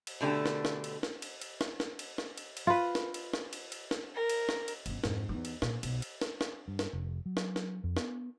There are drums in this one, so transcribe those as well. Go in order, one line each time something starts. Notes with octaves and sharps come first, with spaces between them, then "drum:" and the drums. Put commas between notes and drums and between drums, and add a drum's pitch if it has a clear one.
drum: cymbal
B2 D3 A3 G4
drum: snare
drum: snare
drum: cymbal
drum: snare
drum: cymbal
drum: cymbal
drum: snare
drum: snare
drum: cymbal
drum: snare
drum: cymbal
drum: cymbal
F4 B4
drum: snare
drum: cymbal
drum: snare
drum: cymbal
drum: cymbal
drum: snare
A#4
drum: cymbal
drum: snare
drum: cymbal
G1 C#4, drum: cymbal
F2 G#2, drum: snare
E2 D#4
drum: cymbal
A#2, drum: snare
B1, drum: cymbal
drum: cymbal
drum: snare
drum: snare
G2
drum: snare
F1
F#3
drum: snare
drum: snare
F2
B3, drum: snare